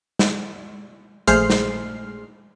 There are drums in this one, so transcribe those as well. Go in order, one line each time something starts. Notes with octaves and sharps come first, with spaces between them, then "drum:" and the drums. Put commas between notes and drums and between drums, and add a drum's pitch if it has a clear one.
drum: snare
A#1 A3 G#4 C5 F6 C7, drum: hi-hat
drum: snare